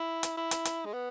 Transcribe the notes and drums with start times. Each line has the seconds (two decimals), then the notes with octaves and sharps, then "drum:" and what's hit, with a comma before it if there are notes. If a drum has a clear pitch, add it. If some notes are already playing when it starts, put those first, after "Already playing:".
Already playing: E4
0.23 drum: hi-hat
0.37 E4
0.51 drum: hi-hat
0.65 drum: hi-hat
0.85 G#3
0.93 B3